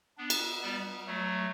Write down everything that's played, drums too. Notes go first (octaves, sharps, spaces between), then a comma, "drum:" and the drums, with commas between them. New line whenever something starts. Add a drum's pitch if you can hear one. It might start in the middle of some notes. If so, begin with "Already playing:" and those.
B3 D4
drum: cymbal
G3 B3
F#3 A3